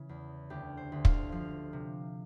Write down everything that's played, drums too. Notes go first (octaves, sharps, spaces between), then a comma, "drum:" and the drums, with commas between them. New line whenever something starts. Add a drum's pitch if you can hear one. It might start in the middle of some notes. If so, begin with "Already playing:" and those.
Already playing: C#3 E3
E2
D2 G4
C5
D2
F5, drum: kick
F3 F5
C3